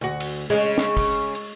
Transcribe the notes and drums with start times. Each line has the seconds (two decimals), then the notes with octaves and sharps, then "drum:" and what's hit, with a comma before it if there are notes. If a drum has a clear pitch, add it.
0.01 D2 F#4
0.20 drum: cymbal
0.50 C#3 G#3 C#4
0.78 drum: snare
0.97 drum: kick, cymbal
1.35 drum: cymbal